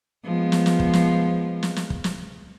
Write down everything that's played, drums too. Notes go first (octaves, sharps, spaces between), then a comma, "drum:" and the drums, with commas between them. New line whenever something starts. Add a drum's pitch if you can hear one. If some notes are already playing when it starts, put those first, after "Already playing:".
F3 G#3 B3
drum: snare
drum: snare
drum: kick
drum: snare
drum: snare
drum: snare
drum: kick
drum: snare